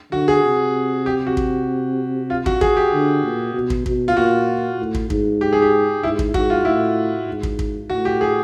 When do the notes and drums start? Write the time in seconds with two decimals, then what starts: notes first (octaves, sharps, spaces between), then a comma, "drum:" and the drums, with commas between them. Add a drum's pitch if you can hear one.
0.12 D3 F#4
0.28 G#4
0.44 C3
1.06 G4
1.27 F#4
1.37 drum: kick
2.30 F4
2.46 F#4, drum: kick
2.61 G#4, drum: kick
2.77 G4
2.93 D3
3.23 A#2
3.54 B2
3.70 drum: kick
3.86 B2, drum: kick
4.08 F4
4.16 A#2 F#4
4.79 A2
4.95 drum: kick
5.10 G#2, drum: kick
5.41 G4
5.53 G#4
5.62 G4
6.03 G#2 E4
6.19 drum: kick
6.34 G#2 F#4, drum: kick
6.50 F4
6.65 A2 E4
7.27 G#2
7.43 drum: kick
7.59 drum: kick
7.90 A2 F#4
8.05 G4
8.21 G#4